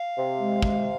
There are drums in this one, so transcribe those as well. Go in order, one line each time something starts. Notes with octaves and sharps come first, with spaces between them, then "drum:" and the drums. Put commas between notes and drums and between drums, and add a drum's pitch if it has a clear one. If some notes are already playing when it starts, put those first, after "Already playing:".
Already playing: F5
C3
G#3
C3, drum: kick